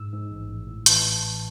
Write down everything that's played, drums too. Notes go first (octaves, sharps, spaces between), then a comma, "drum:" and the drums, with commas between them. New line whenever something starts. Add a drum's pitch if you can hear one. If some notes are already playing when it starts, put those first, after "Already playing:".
Already playing: G#2 E6
G#2
A1
A1
A2
E3 A5, drum: hi-hat